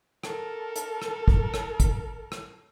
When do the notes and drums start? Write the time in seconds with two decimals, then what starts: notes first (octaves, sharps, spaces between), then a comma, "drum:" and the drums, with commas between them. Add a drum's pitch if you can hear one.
0.24 A4 A#4, drum: rim click
0.76 drum: hi-hat
1.02 drum: rim click
1.28 drum: kick
1.54 drum: rim click
1.80 drum: kick, hi-hat
2.32 drum: rim click